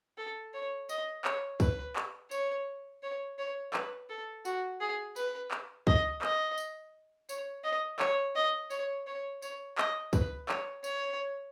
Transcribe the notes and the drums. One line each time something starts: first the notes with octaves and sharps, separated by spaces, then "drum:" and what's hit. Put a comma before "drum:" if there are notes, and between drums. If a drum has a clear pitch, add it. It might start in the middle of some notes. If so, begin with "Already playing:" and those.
A4
C#5
D#5, drum: tambourine
C#5, drum: clap
B4, drum: kick, tambourine
drum: clap
C#5, drum: tambourine
C#5
C#5
B4, drum: clap
A4
F#4, drum: tambourine
G#4
B4, drum: tambourine
drum: clap
D#5, drum: kick
D#5, drum: clap
drum: tambourine
C#5, drum: tambourine
D#5
C#5, drum: clap
D#5
C#5, drum: tambourine
C#5
C#5, drum: tambourine
D#5, drum: clap
B4, drum: kick, tambourine
C#5, drum: clap
C#5, drum: tambourine